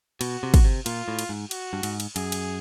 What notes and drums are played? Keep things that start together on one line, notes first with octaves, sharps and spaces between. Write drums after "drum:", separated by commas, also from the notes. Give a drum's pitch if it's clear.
B2 F#4, drum: cymbal
C3
drum: kick, cymbal
C3
A#2 F4, drum: cymbal
A2
drum: cymbal
G#2
F#4, drum: cymbal
G2
G#2, drum: cymbal
drum: cymbal
F#2 G#4, drum: cymbal
drum: cymbal